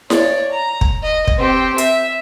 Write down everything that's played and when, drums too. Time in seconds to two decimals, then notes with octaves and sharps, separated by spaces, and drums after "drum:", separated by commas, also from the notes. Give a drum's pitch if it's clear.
0.10 C#5 D5, drum: snare E4
0.51 A#5
0.81 drum: kick
1.03 D#5
1.28 drum: kick
1.38 C4 G4
1.78 E5, drum: hi-hat